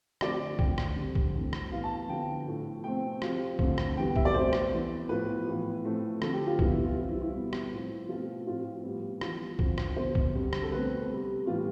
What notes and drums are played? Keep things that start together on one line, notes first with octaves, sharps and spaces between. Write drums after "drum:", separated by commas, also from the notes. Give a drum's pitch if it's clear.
D3 F3 A3 C4 D5, drum: rim click
D3 A3 C4 G5, drum: kick B1
drum: rim click
D3 G3 C4
drum: kick B1
E3 A3 C4
drum: rim click
A2 E3 B3 F5
A5
D3 F3 B3 G5
A2 F3 A3
B2 A3 C4 G5
C3 F3 C4 F5, drum: rim click
D3 A3 C4, drum: kick B1
drum: rim click
E3 G3 B3 G5
E5, drum: kick B1
D5
B2 A3 C4 C5
drum: rim click
E3 B3
A2 F3 B3 B4
A2 E3 B3
A2 F3 A3 C4
D3 F3 A3 C4 A4, drum: rim click
G4
F4
B2 G3 B3 E4, drum: kick B1
E4
F4
E3 G3 C4
E4
E4
B2 G3 B3
drum: rim click
A2 F3 C4
B2 A3 C4 F4
A2 F3 C4 F4
A2 G3 B3
E3 G3 B3 F4, drum: rim click
D3 F3 C4, drum: kick B1
drum: rim click
B2 B3 C5
drum: kick B1
D3 G3 C4
drum: rim click
A4
B2 A3 C4 B4
C3 G3 B3
A2 E3 G3 B3 F4